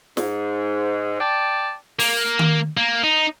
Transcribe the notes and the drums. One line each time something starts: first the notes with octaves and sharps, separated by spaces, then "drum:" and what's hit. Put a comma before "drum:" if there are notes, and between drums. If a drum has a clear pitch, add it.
G#2, drum: snare
D5 G5 A5
A#3, drum: open hi-hat
drum: tom D#3
A#3
D#4